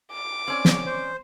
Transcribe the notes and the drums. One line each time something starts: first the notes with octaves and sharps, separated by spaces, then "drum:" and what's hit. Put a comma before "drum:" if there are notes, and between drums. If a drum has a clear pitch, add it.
D6
C4 C#4 D5
drum: snare
C5